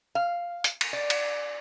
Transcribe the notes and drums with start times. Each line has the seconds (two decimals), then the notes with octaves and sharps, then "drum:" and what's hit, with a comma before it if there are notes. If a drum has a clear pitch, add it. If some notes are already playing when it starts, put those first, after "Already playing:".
0.15 F5
0.64 drum: hi-hat
0.81 drum: cymbal
0.93 D5
1.10 drum: cymbal